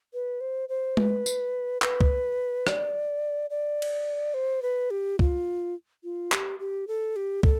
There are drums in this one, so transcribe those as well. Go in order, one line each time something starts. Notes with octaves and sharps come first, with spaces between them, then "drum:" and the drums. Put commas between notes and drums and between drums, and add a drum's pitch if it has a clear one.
B4
C5
C5
B4, drum: tom G#3
drum: tambourine
B4, drum: clap
drum: kick
D5, drum: rim click
D5
drum: cymbal
C5
B4
G4
F4, drum: kick
F4
G4, drum: clap
G4
A4
G4
A4, drum: kick